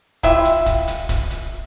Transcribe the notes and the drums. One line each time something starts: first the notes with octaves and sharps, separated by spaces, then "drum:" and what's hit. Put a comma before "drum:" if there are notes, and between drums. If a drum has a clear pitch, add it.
E4 F4 G4 E5, drum: kick D1, hi-hat
drum: hi-hat
drum: kick D1, hi-hat
drum: hi-hat
drum: kick D1, hi-hat
drum: hi-hat